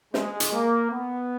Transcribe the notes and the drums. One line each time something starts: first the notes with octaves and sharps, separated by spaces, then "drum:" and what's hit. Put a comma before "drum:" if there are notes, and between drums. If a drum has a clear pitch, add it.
G#3, drum: snare
drum: hi-hat
A#3
B3